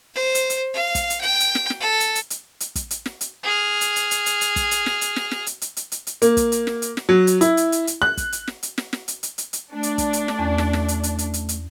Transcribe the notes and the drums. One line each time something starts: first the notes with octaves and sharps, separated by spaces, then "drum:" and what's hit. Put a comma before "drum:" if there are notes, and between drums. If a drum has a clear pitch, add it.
C5
drum: hi-hat
drum: hi-hat
F5
drum: kick, hi-hat
drum: hi-hat
G5
drum: hi-hat
drum: snare
drum: snare
A4
drum: hi-hat
drum: hi-hat
drum: hi-hat
drum: hi-hat
drum: kick, hi-hat
drum: hi-hat
drum: snare
drum: hi-hat
G#4 F6
drum: hi-hat
drum: hi-hat
drum: hi-hat
drum: hi-hat
drum: hi-hat
drum: kick, hi-hat
drum: hi-hat
drum: snare
drum: hi-hat
drum: snare
drum: snare
drum: hi-hat
drum: hi-hat
drum: hi-hat
drum: hi-hat
drum: hi-hat
A#3, drum: hi-hat
drum: kick, hi-hat
drum: hi-hat
drum: snare
drum: hi-hat
drum: snare
F#3
drum: hi-hat
E4, drum: hi-hat
drum: hi-hat
drum: hi-hat
drum: hi-hat
F#6
drum: kick, hi-hat
drum: hi-hat
drum: snare
drum: hi-hat
drum: snare
drum: snare
drum: hi-hat
drum: hi-hat
drum: hi-hat
drum: hi-hat
A3 D4
drum: hi-hat
drum: kick, hi-hat
drum: hi-hat
drum: snare
E2 C#4
drum: snare
drum: snare
drum: hi-hat
drum: hi-hat
drum: hi-hat
drum: hi-hat
drum: hi-hat